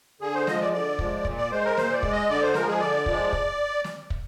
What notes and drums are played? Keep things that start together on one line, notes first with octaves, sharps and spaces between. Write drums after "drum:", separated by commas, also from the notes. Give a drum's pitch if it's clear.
D3 G#4
C5
F3 G#3 D#5, drum: snare
D5
D3 D5
F3 G#3, drum: kick
A#2, drum: kick
D5
G#3 C5
A#4
A#2 C5, drum: snare
D5
G#3, drum: kick
D#5
D3 D5
C5
F3 G#3 A#4, drum: snare
G#4
D3 D5
F3 G#3, drum: kick
drum: kick
drum: snare
drum: kick